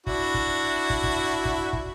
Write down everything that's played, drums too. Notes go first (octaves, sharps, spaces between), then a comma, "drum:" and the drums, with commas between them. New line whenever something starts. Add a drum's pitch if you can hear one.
D4 E4 F#4, drum: kick
drum: kick
drum: kick
drum: kick
drum: kick
drum: kick